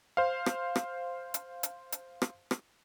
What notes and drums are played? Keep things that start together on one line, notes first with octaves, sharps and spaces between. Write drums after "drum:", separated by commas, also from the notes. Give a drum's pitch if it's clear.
C5 F5
drum: rim click
drum: rim click
drum: hi-hat
drum: hi-hat
drum: hi-hat
drum: rim click
drum: rim click